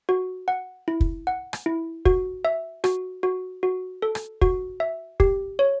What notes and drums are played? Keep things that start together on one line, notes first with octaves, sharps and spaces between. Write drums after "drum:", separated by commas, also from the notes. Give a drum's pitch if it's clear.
F#4
F#5
E4
drum: kick
F#5
drum: rim click
E4
F#4, drum: kick
E5
F#4, drum: rim click
F#4
F#4
A4
drum: rim click
F#4, drum: kick
E5
G4, drum: kick
C#5